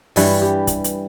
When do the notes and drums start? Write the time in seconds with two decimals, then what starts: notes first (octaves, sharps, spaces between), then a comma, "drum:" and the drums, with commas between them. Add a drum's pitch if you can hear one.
0.16 G2 E3 G3 B4, drum: open hi-hat
0.42 G4
0.67 drum: kick, hi-hat
0.84 drum: hi-hat